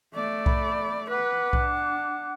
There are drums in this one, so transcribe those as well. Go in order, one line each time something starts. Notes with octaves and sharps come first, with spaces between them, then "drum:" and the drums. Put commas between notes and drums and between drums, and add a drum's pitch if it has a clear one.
A3 D5
B5, drum: kick B1
B4 F#5 D6 F#6
D4, drum: kick B1